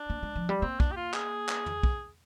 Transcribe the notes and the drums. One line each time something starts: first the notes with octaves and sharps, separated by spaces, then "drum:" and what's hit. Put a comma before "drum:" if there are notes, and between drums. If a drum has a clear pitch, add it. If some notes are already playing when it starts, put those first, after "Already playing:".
Already playing: D4
A#3
G#3
F3
G3
A#3 C4
D4, drum: kick
G4
F4
G#4, drum: clap
drum: clap
drum: tom
drum: kick